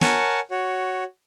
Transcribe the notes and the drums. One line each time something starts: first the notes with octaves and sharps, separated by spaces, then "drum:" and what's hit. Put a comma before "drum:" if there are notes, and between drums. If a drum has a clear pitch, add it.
A#4 C#5 F#5 G#5 A5, drum: snare
F#4 C#5